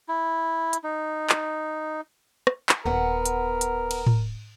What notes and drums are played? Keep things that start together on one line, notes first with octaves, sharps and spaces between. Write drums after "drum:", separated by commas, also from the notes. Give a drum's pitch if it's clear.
E4
drum: hi-hat
D#4
drum: clap
drum: rim click
drum: clap
D#1 B3 A#4 F#5
drum: hi-hat
drum: hi-hat
drum: cymbal
drum: tom A2